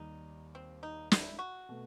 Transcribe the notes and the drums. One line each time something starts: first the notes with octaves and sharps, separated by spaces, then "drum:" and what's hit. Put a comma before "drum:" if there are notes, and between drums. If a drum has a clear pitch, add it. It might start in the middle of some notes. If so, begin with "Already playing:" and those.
Already playing: D#2 D#3 G3 D#4
C4
D#4
E4, drum: snare
F#4
B2 A3